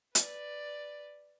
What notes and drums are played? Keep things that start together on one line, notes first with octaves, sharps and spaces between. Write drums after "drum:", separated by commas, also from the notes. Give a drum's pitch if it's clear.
B4 D5, drum: hi-hat